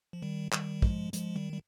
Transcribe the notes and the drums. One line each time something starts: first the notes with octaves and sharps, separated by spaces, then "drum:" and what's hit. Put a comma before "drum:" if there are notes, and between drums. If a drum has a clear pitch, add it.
F3
D#3 G3
D#3 G3, drum: clap
F3 G#3, drum: kick
F3 G#3, drum: hi-hat
D#3 G3
G3